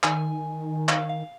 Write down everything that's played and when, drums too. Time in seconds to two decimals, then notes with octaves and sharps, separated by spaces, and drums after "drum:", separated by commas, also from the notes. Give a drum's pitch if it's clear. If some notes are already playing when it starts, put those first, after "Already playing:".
0.03 D#3 G#5, drum: clap
0.89 F5, drum: clap
1.09 F5